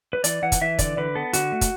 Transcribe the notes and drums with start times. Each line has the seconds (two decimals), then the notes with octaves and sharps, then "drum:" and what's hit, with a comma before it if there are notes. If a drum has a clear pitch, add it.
0.13 B4
0.24 E3 D5, drum: hi-hat
0.42 E3 F#5
0.52 drum: kick, hi-hat
0.61 E3 E5
0.79 D3 D5, drum: kick, hi-hat
0.97 D3 B4
1.15 B3 A4
1.33 D3 F#4, drum: hi-hat
1.52 A3
1.61 drum: kick, hi-hat